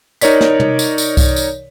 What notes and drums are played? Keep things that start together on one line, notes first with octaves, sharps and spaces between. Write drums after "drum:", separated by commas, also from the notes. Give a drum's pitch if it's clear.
D#4 A#4 C#5 D5 B6, drum: tambourine
drum: snare
drum: tom
drum: tambourine
drum: tambourine
drum: kick C2, tambourine
drum: tambourine